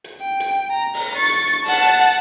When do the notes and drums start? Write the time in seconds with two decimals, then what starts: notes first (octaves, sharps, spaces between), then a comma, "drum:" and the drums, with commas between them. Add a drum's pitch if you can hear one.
0.04 drum: hi-hat
0.21 G5
0.40 drum: hi-hat
0.71 A#5
0.94 drum: open hi-hat
1.15 C#6 A6
1.30 drum: hi-hat
1.47 drum: hi-hat
1.65 F#5 A5, drum: open hi-hat
1.83 drum: hi-hat
2.01 drum: hi-hat